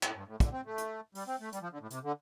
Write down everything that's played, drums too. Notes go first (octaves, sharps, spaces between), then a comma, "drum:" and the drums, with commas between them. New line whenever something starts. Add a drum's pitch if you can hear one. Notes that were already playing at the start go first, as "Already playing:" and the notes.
A2, drum: clap
G2
A2
D3, drum: kick, hi-hat
C4
A3
drum: hi-hat
G3, drum: open hi-hat
C4
A3
G3, drum: hi-hat
F3
D3
A2
C3, drum: hi-hat
D3